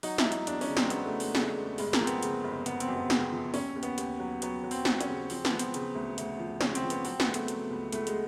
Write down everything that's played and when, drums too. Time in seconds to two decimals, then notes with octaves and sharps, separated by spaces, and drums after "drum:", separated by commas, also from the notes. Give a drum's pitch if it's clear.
0.03 F#3 D#4, drum: open hi-hat
0.18 E4, drum: snare
0.25 F#3
0.32 D#4, drum: hi-hat
0.47 E2 D4, drum: hi-hat
0.61 C#4, drum: open hi-hat
0.69 C#3
0.77 C4, drum: snare
0.90 F#3 B3, drum: hi-hat
1.05 A3
1.13 F#3
1.20 G#3, drum: open hi-hat
1.35 C#3, drum: snare
1.57 E2
1.78 G1 G#3, drum: open hi-hat
1.93 A#3, drum: snare
2.00 F3 C4
2.07 B3, drum: hi-hat
2.23 C#3, drum: hi-hat
2.44 G1
2.66 G1 B3, drum: hi-hat
2.80 C4, drum: hi-hat
2.88 F#2
2.96 B3
3.10 C#3 C4, drum: snare
3.32 F3
3.54 D#2 C#4, drum: open hi-hat
3.76 D#2
3.83 B3, drum: hi-hat
3.98 D#2, drum: hi-hat
4.20 F#3
4.42 F#3 B3, drum: hi-hat
4.64 F#3
4.71 C4, drum: open hi-hat
4.85 F#3 C4, drum: snare
5.01 C#4, drum: hi-hat
5.07 C#3
5.30 F3 C4, drum: open hi-hat
5.45 B3, drum: snare
5.51 F3
5.59 C4, drum: hi-hat
5.74 C#3, drum: hi-hat
5.95 D2
6.18 D2, drum: hi-hat
6.39 F3
6.61 C#3 C#4, drum: snare
6.75 C4, drum: hi-hat
6.83 F3
6.90 B3, drum: hi-hat
7.05 F#3 C4, drum: open hi-hat
7.20 B3, drum: snare
7.27 C#3
7.34 A3, drum: hi-hat
7.48 F#3, drum: hi-hat
7.70 C#2
7.92 C#2 A3, drum: hi-hat
8.07 G#3, drum: hi-hat